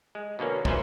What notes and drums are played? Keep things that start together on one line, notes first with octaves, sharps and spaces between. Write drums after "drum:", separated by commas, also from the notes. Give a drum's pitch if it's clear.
G#3
B2 D3 A#3 C#4
A#2 D3 A3 C#4 B4 C5, drum: kick